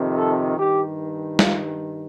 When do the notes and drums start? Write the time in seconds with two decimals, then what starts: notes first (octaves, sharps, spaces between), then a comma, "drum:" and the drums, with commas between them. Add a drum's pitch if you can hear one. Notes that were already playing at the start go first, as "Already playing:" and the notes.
Already playing: F2 C3 D#3
0.16 A4
0.57 G2 D#3 G4
1.39 F4, drum: snare